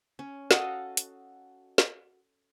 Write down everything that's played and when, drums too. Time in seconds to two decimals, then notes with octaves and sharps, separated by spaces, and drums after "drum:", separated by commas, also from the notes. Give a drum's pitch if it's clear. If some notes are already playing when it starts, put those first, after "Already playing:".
0.19 C#4
0.51 F#4 A4 D#5 F5, drum: snare
0.97 drum: hi-hat
1.78 drum: snare